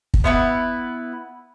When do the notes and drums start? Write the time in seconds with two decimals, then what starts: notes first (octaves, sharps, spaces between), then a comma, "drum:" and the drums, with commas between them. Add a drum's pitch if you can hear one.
0.14 drum: kick
0.24 B3 E4 B4